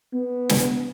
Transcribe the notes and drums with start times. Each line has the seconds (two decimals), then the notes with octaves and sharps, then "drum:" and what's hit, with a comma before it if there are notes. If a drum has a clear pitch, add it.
0.13 B3
0.49 drum: snare